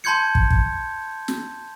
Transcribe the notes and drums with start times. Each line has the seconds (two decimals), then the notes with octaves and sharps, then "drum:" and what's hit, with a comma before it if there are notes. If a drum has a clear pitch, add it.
0.04 A5 B5 C6 G6 G#6 C#7
0.35 drum: kick
0.50 drum: kick
1.28 drum: snare